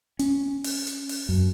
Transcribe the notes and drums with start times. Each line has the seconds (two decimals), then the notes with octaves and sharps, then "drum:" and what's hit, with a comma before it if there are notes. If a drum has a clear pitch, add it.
0.19 C#4, drum: hi-hat
0.64 drum: open hi-hat
0.87 drum: hi-hat
1.09 drum: open hi-hat
1.29 F#2